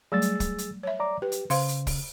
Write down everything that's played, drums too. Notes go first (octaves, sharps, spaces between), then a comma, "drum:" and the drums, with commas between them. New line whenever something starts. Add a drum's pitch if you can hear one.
F#3 G3 A3 G#4 E6 A6
drum: hi-hat
drum: kick, hi-hat
drum: hi-hat
C#5 E5
D5 A#5 D6
G4 B4
drum: hi-hat
C#3 C5 F5 C6, drum: open hi-hat
drum: hi-hat
drum: kick, open hi-hat